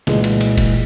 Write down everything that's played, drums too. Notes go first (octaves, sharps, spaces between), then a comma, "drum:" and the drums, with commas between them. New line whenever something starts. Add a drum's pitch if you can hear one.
C2 A#2 E3 G#3, drum: snare
drum: cymbal
drum: cymbal
drum: kick F1, cymbal